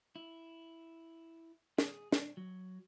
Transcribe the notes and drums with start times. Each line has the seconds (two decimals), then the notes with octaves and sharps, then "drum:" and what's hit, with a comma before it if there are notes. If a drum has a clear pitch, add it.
0.16 E4
1.78 G#4, drum: snare
2.12 D4, drum: snare
2.37 F#3